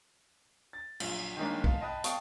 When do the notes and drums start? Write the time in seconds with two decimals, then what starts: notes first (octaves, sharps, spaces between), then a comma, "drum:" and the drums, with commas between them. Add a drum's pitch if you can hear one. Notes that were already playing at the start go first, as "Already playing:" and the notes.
0.73 A6
1.00 A#1 F#2, drum: cymbal
1.37 D#3 G3 G#3 A#3 C#4 D4
1.64 G#3 F5 A5, drum: kick
1.81 D#5 G5 A5 B5 D#6 F#6
2.04 F5 G5 A5 C#6 D#6, drum: hi-hat